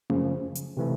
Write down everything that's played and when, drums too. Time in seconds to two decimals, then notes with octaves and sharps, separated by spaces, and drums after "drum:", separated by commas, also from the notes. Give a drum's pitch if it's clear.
0.10 F#2 C#3 F3, drum: tom A3
0.55 drum: hi-hat
0.77 C3 E3 A3